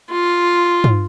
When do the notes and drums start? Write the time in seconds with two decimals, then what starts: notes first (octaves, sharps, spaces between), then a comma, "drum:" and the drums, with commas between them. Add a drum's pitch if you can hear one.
0.11 F4
0.84 drum: tom G2